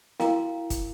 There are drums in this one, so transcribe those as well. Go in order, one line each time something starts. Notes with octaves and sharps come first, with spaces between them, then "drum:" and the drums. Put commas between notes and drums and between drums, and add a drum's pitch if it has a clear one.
E4 F#4 A#4 F5 G5 A#5, drum: snare
drum: kick, hi-hat